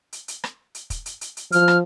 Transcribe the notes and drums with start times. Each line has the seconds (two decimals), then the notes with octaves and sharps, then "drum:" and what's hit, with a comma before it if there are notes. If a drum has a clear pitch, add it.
0.13 drum: hi-hat
0.28 drum: hi-hat
0.44 drum: rim click
0.75 drum: hi-hat
0.90 drum: kick, hi-hat
1.06 drum: hi-hat
1.21 drum: hi-hat
1.37 drum: hi-hat
1.52 F3 F6, drum: hi-hat
1.68 drum: rim click